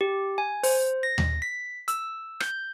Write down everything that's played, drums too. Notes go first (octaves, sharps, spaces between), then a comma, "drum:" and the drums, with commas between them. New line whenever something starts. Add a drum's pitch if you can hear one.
G4
G#5
C5, drum: open hi-hat
A#6
drum: tom D#2
B6
E6, drum: hi-hat
G6, drum: rim click